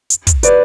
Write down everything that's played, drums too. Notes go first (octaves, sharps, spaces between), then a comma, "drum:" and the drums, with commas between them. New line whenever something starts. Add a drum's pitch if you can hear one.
drum: hi-hat
drum: kick, hi-hat
B4 D5, drum: hi-hat